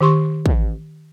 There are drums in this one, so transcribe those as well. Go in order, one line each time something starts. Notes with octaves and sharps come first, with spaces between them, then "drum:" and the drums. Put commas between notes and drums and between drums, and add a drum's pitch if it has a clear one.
D#3 G4 C6 C#6
drum: kick